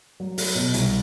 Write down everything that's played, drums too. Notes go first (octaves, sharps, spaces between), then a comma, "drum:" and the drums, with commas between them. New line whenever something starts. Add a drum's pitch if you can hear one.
F#3
F#3, drum: open hi-hat
B2
C2, drum: hi-hat